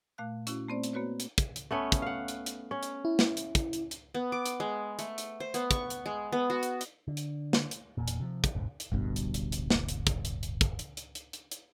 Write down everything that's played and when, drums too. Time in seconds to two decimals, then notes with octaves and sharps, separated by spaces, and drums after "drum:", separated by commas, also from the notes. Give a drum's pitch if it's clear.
0.18 A#2 A3 F5 F#6
0.47 C#4 E4 F#4, drum: hi-hat
0.68 A3 B3 C4 C5 D5
0.83 drum: hi-hat
0.93 A#3 B3 F#4 B4 C#5
1.20 drum: hi-hat
1.38 drum: kick, hi-hat
1.56 drum: hi-hat
1.71 A3 B3 C#4
1.92 drum: kick, hi-hat
2.02 F5 F#5
2.28 drum: hi-hat
2.46 drum: hi-hat
2.71 C#4
2.83 drum: hi-hat
3.05 E4
3.19 drum: snare
3.37 drum: hi-hat
3.55 drum: kick, hi-hat
3.73 drum: hi-hat
3.91 drum: hi-hat
4.14 B3
4.32 D6
4.46 drum: hi-hat
4.60 G#3
4.99 A3, drum: hi-hat
5.18 drum: hi-hat
5.40 C5
5.54 B3, drum: hi-hat
5.71 C#6, drum: kick, hi-hat
5.90 drum: hi-hat
6.06 G#3
6.32 B3
6.50 F#4
6.63 drum: hi-hat
6.81 drum: hi-hat
7.08 D3
7.17 drum: hi-hat
7.53 drum: snare
7.71 drum: hi-hat
7.97 E1 A#2
8.08 drum: hi-hat
8.20 C3 F3
8.44 drum: kick, hi-hat
8.55 E1 A1 G#2 C3
8.80 drum: hi-hat
8.92 D1 G1 G2 B2
9.16 drum: hi-hat
9.34 drum: hi-hat
9.52 drum: hi-hat
9.70 drum: snare
9.89 drum: hi-hat
10.07 drum: kick, hi-hat
10.25 drum: hi-hat
10.43 drum: hi-hat
10.61 drum: kick, hi-hat
10.79 drum: hi-hat
10.97 drum: hi-hat
11.15 drum: hi-hat
11.33 drum: hi-hat
11.51 drum: hi-hat